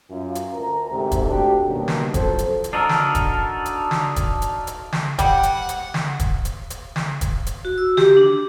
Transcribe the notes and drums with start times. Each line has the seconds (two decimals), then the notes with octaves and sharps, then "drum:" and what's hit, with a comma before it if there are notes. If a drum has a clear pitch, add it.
0.10 F#2 F4
0.35 drum: hi-hat
0.54 D2 A#4 A#5
0.91 D2 G#2 C3
1.11 drum: kick, hi-hat
1.29 A3 D4 F#4 G4
1.67 B2 D#3 G3 A#3 C#4 D4
1.88 drum: snare
2.14 F2 F#3 A4 C5, drum: kick, hi-hat
2.38 drum: hi-hat
2.64 drum: hi-hat
2.73 D4 D#4 F#4 A4 A#4
2.89 drum: snare
3.15 drum: kick, hi-hat
3.65 drum: hi-hat
3.91 drum: snare
4.16 drum: kick, hi-hat
4.42 drum: hi-hat
4.67 drum: hi-hat
4.92 drum: snare
5.19 G3 F#5, drum: kick, hi-hat
5.43 drum: hi-hat
5.69 drum: hi-hat
5.94 drum: snare
6.19 drum: kick, hi-hat
6.45 drum: hi-hat
6.70 drum: hi-hat
6.96 drum: snare
7.21 drum: kick, hi-hat
7.46 drum: hi-hat
7.65 F#4
7.78 E6
7.97 G4, drum: snare
8.17 D4